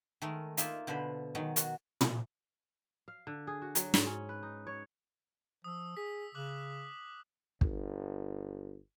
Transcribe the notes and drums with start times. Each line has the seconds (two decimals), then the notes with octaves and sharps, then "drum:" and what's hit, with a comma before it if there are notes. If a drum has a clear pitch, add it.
0.22 D#3 G#3 A3 A#4
0.57 A#3 D#4 F4 E5, drum: hi-hat
0.87 B2 D3 B3 C5 B5
1.35 D#3 F#3 G#3
1.56 F#4, drum: hi-hat
2.01 drum: tom
3.08 F5
3.27 D3
3.47 G#4
3.62 F#4
3.75 F#3, drum: hi-hat
3.94 G#2, drum: snare
4.07 C#4
4.29 B4
4.43 D#4
4.67 C#5
5.64 F3 D#6 E6
5.97 G#4 B6
6.35 C#3 D6 F#6 F#7
7.61 G1, drum: kick